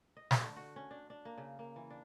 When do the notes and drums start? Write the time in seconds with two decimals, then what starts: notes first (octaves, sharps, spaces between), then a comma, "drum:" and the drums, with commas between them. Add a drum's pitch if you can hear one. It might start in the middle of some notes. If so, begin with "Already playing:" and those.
0.17 D#5
0.31 D3, drum: snare
0.43 A3
0.56 F#4
0.76 C#4
0.91 D4
1.10 D4
1.25 A#3
1.38 C#3
1.59 A#3
1.76 E3
1.90 D4